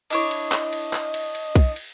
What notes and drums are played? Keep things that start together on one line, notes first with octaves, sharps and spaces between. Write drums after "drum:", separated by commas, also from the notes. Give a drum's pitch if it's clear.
D4 E4 C#5 D#5, drum: cymbal
drum: cymbal
drum: clap
drum: cymbal
drum: clap
drum: cymbal
drum: cymbal
drum: kick B1, cymbal
drum: cymbal